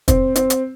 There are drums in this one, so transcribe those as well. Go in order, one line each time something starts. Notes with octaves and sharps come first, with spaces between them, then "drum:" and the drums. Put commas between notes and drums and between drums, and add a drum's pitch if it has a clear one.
C4, drum: kick, hi-hat
C4, drum: hi-hat
drum: hi-hat